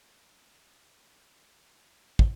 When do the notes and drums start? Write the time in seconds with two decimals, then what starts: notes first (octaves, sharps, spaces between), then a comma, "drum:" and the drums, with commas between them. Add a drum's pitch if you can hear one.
0.20 A4
1.17 F5 B5
1.64 E4 C#5 A#5 C6
2.19 drum: kick